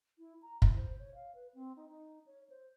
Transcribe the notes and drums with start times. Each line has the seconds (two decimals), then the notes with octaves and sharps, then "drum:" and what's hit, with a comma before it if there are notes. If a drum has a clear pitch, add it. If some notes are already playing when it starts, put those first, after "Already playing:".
0.18 E4
0.42 A#5
0.62 E4, drum: kick F#1
0.76 C5
0.99 C#5
1.14 F5
1.35 B4
1.54 C4
1.76 D#4
1.89 D#4
2.27 C#5
2.50 C5